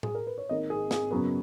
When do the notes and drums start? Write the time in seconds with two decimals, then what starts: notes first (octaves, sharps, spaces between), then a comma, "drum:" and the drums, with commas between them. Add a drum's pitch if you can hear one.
0.03 G#4, drum: tom A2
0.15 A#4
0.27 B4
0.38 C#5
0.49 G#1 G#2 D#3 A#3 D#5
0.70 G#4
0.91 G#4, drum: snare
1.11 F#2 C#3 F#3 B3